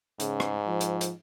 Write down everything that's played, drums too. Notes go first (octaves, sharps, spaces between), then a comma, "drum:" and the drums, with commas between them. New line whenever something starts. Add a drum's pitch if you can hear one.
G#2 C#3, drum: hi-hat
drum: rim click
F3
drum: hi-hat
drum: hi-hat